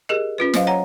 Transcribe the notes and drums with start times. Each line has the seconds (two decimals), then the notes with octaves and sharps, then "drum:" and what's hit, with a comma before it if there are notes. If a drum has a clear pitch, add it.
0.09 G4 G#4 A#4 D#5
0.38 C#4 F4 B4
0.54 F#3 C5 D#5 F5, drum: snare
0.67 C#5 F#5 A#5